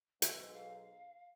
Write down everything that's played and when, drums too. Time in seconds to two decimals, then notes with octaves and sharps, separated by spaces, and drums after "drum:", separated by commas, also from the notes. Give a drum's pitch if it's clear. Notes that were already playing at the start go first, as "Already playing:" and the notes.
0.22 B1 G#2 E6, drum: hi-hat
0.54 F5